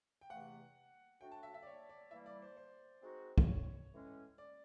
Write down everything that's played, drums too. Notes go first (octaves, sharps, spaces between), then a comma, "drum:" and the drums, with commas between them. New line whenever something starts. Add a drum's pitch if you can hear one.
G5
E2 C3 E3 A3 F#5
F#3 A3 D4 F#4 G5
A5
E5
E5
D5
C#5
D5
E3 G3 A#3 E5
D5
C5
C5
G#3 C4 D#4 F#4
drum: kick
C#5
A2 E3 G#3 C#4
D5